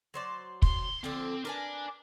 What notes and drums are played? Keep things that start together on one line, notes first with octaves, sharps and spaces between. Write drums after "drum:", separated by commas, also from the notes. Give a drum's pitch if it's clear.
F#3 C5 D5
C6, drum: kick
D3 F3 C4 D4
D4 A#4 B4 G#5